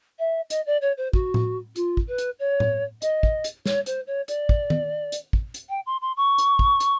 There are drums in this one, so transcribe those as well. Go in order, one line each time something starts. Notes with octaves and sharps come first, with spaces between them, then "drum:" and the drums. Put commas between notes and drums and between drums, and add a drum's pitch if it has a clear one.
E5
D#5, drum: hi-hat
D5
C#5
C5
F#4, drum: kick
drum: tom A2
F4, drum: hi-hat
drum: kick
B4
drum: hi-hat
C#5
drum: tom A2
D#5, drum: hi-hat
drum: kick
drum: hi-hat
C#5, drum: snare
C5, drum: hi-hat
C#5
D5, drum: hi-hat
drum: kick
drum: tom D#3
drum: hi-hat
drum: kick
drum: hi-hat
G5
C6
C6
C#6
drum: hi-hat
drum: kick
drum: hi-hat